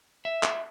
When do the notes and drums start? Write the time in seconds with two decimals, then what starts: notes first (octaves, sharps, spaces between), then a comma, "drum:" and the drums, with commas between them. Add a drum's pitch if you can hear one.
0.25 E5
0.43 drum: clap